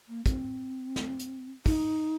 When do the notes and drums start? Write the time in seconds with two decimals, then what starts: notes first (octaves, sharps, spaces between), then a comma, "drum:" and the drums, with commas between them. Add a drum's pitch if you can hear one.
0.09 A#3
0.26 C4, drum: kick, hi-hat
0.96 drum: snare
1.19 drum: hi-hat
1.66 D#4, drum: kick, open hi-hat